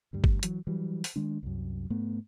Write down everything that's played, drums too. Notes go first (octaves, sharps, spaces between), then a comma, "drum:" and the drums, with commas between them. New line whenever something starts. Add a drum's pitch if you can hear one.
D2 G2 G3
drum: kick
E3 F#3, drum: hi-hat
E3 F#3 G3
drum: open hi-hat
D#3 G#3 D4
C2 F#2
G#2 A3 B3